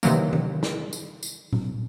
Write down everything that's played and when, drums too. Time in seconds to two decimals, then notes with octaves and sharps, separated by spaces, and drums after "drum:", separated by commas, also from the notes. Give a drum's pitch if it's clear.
0.03 C3 D#3 E3 F#3 A#3, drum: tambourine
0.33 drum: tom D#3
0.63 drum: snare
0.93 drum: tambourine
1.23 drum: tambourine
1.53 drum: tom A#2